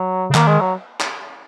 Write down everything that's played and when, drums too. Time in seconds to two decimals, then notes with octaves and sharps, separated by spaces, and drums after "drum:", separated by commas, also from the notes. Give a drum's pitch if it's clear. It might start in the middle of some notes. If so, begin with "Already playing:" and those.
Already playing: F#3
0.30 C#3
0.35 D#3 A#3, drum: clap
0.48 G#3
0.61 F#3
1.01 drum: clap